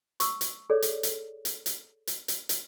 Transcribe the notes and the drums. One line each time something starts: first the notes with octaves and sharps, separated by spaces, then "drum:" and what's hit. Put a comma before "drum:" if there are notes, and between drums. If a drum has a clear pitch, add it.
C#6 E6, drum: hi-hat
drum: hi-hat
G#4 A4 C#5 D5
drum: hi-hat
drum: hi-hat
drum: hi-hat
drum: hi-hat
drum: hi-hat
drum: hi-hat
drum: hi-hat